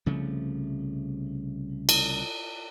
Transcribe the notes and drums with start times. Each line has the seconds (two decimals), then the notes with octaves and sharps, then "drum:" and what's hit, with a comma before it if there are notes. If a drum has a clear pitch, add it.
0.06 C2 C#3 F3 A3
1.89 drum: cymbal